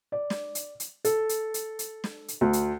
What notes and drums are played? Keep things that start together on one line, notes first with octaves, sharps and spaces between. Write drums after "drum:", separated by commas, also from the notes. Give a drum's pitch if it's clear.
D5
drum: snare
drum: hi-hat
drum: hi-hat
A4, drum: hi-hat
drum: hi-hat
drum: hi-hat
drum: hi-hat
drum: snare
drum: hi-hat
D2
drum: hi-hat